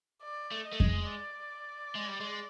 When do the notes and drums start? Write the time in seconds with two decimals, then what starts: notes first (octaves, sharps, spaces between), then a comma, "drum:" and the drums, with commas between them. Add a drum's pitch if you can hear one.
0.23 D5
0.51 A3
0.66 D#5
0.72 A3
0.80 G#3, drum: kick F2
1.09 D5
1.95 G#3
2.08 G3
2.20 G#3